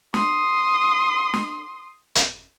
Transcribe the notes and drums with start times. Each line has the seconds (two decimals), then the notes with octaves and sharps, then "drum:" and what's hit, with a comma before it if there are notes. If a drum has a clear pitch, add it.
0.14 C6 D#6, drum: snare
1.34 drum: snare
2.15 drum: hi-hat